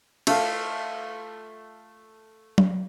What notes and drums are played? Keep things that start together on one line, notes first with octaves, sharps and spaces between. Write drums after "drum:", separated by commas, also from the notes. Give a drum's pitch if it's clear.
A3 F4, drum: cymbal
drum: tom F#3